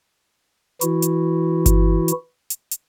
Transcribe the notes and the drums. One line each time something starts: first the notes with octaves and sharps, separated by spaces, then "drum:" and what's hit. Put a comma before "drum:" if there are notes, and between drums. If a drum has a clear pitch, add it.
E3 E4 F#4, drum: hi-hat
drum: hi-hat
drum: kick G1, hi-hat
drum: hi-hat
drum: hi-hat
drum: hi-hat